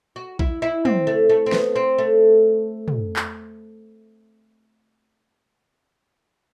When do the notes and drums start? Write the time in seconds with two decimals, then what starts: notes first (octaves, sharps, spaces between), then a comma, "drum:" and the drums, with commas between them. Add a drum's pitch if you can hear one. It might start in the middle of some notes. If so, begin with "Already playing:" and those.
0.16 F#4
0.39 E4, drum: kick A#1
0.62 E4
0.85 C4, drum: tom
1.07 A3
1.29 A3
1.46 C4
1.52 B3, drum: snare
1.76 C4
1.98 A3
2.88 drum: tom
3.16 drum: clap